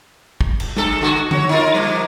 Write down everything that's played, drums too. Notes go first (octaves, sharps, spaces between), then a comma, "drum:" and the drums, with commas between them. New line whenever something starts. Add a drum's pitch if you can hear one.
drum: kick
drum: cymbal
G2 A4, drum: snare
D3 F#4
F#4 G#4 C#5, drum: tom D3
D#4 F4 A#4
F3 G3 A#3